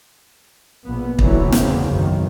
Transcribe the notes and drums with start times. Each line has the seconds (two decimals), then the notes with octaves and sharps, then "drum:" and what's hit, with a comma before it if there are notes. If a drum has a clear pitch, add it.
0.85 A#1 A#2 B3
1.19 C2 G#2 D3 E3 F#3, drum: kick
1.52 E2 C#3 A#3 C4, drum: snare
1.85 B1 F#2 D#3